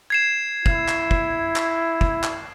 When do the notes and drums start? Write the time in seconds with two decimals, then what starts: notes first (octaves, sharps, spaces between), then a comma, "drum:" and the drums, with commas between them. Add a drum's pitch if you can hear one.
0.10 G#6 C7 E7
0.66 E4, drum: kick
0.88 drum: clap
1.11 drum: kick
1.56 drum: clap
2.01 drum: kick
2.24 drum: clap